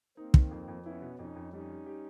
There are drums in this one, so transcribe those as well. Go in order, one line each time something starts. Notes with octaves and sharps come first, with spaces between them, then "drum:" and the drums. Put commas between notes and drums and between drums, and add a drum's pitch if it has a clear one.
A#3 C4 D#4
D#3, drum: kick
F2
F2
B3 C#4 E4
B2
F2 C#4 D#4
F2
G3 C#4 D#4
G3
G4